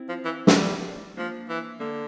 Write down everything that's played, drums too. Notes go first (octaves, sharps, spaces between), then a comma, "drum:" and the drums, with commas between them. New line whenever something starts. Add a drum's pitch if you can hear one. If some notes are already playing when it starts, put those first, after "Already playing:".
Already playing: C4 E4
F3
E3
A3, drum: snare
G3
F3 A#3 D4
E3
D3 A#3